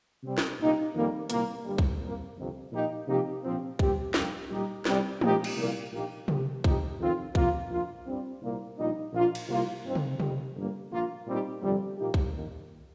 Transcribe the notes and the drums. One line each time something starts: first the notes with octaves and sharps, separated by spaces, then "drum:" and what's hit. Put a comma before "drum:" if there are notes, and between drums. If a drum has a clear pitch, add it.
C3 G3 C4
drum: snare
C2 A#2 A#3 D#4 G4
F2 D#3 G3 A#3
C2 A#2 G3 A#3, drum: hi-hat
G1 G2 G3
drum: kick
C2 A#2 A#3
G1 F2 C3
A#2 F3 A#3 D#4 G4
C3 F3 A#3 D#4 G4
A#1 A#2 F3 C4
A#2 G3 C4 G4, drum: kick
G2 F3 A#3 G4, drum: snare
A#2 G3 D#4 G4
C2 C3 G3, drum: snare
A#2 F3 D#4 G4, drum: tom G#3
drum: cymbal
C2 A#2 A#3
A#1 A#2 A#3 D#4 G4
A#1 A#2 F3 A#3 G4, drum: tom C3
C3 F3 D#4 G4, drum: kick
F2 D#3 C4 F4
C3 F3 A#3 F4, drum: kick
A#1 A#2 A#3 F4
G2 G3 C4
C2 A#2 A#3
A#1 A#2 G3 D#4
A#1 A#2 A#3 F4
drum: cymbal
C2 C3 F3 A#3 F4
G2 D#3 C4
drum: tom C3
F2 D#3 G3, drum: tom C3
G1 G2 G3 A#3
A#1 A#2 A#3 F4
A#2 G3 C4 D#4 G4
G1 F2 C3 G3
A#2 F3 A#3 D#4 G4
drum: kick
D#2 D#3 A#3